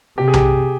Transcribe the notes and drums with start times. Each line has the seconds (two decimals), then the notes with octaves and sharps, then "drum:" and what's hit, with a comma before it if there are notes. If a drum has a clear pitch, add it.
0.17 C3 G4
0.28 G#4
0.33 G4, drum: tom B1